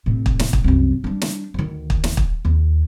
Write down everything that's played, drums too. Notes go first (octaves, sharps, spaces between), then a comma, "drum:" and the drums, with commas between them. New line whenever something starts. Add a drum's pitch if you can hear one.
A2 C3
drum: kick
drum: snare
drum: kick
C2 F#2
G3 D4
drum: snare
D2 D#3
drum: kick
drum: snare
drum: kick
D#2